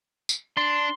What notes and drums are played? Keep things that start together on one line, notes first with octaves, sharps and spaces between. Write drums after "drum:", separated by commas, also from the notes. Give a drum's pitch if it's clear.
drum: tambourine
D4 C6